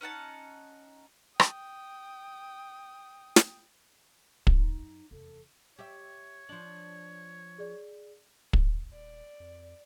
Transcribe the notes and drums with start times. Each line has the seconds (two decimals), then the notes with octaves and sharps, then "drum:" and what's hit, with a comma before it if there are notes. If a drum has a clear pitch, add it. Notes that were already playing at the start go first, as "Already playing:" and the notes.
0.01 C#4 D#4 F#5 A5
1.40 G5 D#6, drum: rim click
3.36 drum: snare
4.47 F#2 D#4, drum: kick
5.11 F1 E2 A4
5.79 G4 C#5 E5
6.49 F3 D4 F#7
7.58 G#4 D5
8.53 D#1, drum: kick
8.94 D5
9.40 F2